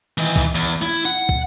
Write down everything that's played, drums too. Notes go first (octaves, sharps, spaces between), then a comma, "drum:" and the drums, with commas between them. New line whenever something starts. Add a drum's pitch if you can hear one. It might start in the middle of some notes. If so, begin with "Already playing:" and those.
D#3 E3
drum: kick
E2
E4
F#5
drum: kick